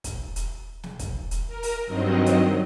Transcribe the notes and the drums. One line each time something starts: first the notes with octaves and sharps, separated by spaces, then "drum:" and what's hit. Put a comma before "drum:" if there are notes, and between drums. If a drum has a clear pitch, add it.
drum: kick, hi-hat
drum: hi-hat
drum: snare
drum: kick, hi-hat
drum: hi-hat
A#4
drum: open hi-hat
G2 D#3 F#3 C4 D#5
drum: hi-hat